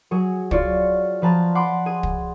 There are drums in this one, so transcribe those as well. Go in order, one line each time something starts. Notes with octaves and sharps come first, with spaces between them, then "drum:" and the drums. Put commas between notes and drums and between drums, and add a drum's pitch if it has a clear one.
F#3 F#4 G#4
F4 F#4 C#5 D5, drum: kick
F3 B4 A5 A#5
F#5 B5 C6 D6
G#4 D#7
drum: kick